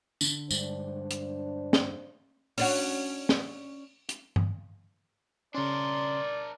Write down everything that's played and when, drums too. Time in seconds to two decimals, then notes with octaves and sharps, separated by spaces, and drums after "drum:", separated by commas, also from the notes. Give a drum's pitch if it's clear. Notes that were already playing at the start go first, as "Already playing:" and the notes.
0.21 D3, drum: tambourine
0.51 G2 G#3 D4 C5, drum: tambourine
1.11 drum: hi-hat
1.73 drum: snare
2.58 C#4 D4 F#4, drum: open hi-hat
3.29 drum: snare
4.09 drum: hi-hat
4.36 drum: tom G2
5.55 C#3 C#4 D4 A#4 D5 C6